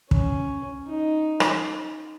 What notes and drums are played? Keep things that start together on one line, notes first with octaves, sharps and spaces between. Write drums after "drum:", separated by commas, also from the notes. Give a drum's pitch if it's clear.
C#4, drum: kick
D#4
drum: rim click